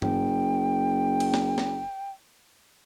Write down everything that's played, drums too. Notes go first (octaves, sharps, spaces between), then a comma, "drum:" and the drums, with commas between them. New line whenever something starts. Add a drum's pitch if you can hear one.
F#1 G5, drum: tom G2
drum: cymbal
drum: snare
drum: snare